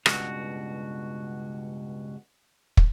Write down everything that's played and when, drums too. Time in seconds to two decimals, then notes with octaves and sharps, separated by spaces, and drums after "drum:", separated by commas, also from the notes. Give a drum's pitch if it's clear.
0.06 C#2 G2 B2 F#4, drum: rim click
2.77 drum: kick